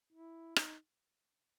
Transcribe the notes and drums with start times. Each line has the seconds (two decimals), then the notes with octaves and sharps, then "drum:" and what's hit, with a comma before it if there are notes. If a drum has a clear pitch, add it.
0.13 E4
0.56 D#4, drum: rim click